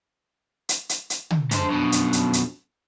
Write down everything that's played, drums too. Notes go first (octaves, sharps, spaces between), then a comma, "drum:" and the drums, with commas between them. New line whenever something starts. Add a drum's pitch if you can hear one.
drum: hi-hat
drum: hi-hat
drum: hi-hat
drum: tom
F2 G#2 D4 C5, drum: hi-hat
F#2 B2
drum: hi-hat
drum: hi-hat
drum: hi-hat